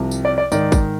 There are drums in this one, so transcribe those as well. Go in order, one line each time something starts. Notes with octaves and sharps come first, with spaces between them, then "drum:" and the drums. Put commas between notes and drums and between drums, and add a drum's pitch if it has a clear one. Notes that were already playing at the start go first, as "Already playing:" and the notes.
Already playing: C2 C3 F3
drum: tambourine
D5
D5
G#2 D#3 D5, drum: tambourine
drum: kick, tambourine